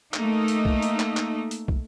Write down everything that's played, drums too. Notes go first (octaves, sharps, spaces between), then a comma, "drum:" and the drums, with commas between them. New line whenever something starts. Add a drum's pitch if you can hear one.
A3 A#3 D#4, drum: clap
drum: hi-hat
drum: kick
drum: hi-hat
drum: clap
drum: clap
drum: hi-hat
drum: kick